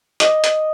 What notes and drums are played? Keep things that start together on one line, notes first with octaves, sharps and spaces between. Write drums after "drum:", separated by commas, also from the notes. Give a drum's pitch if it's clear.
D#5, drum: hi-hat
drum: hi-hat